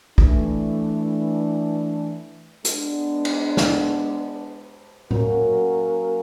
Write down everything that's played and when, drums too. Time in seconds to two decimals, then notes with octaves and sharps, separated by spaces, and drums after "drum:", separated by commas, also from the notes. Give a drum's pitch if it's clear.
0.18 E3 A3 D4, drum: kick
2.65 G#3 B3 D4, drum: hi-hat
3.25 drum: cymbal
3.57 drum: snare
5.11 F#3 A#3 C#4 F#4 A#4, drum: tom A2